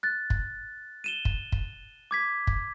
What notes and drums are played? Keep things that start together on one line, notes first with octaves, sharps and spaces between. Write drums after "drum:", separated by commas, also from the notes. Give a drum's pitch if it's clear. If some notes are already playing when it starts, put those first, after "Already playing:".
F#6 A6
drum: kick
D#7 E7 G7
drum: kick
drum: kick
D6 G#6 B6
drum: kick